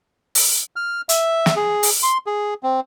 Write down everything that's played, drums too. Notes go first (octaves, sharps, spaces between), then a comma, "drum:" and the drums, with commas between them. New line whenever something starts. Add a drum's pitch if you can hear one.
drum: open hi-hat
F6
E5, drum: hi-hat
drum: snare
G#4
drum: open hi-hat
C6
G#4
C4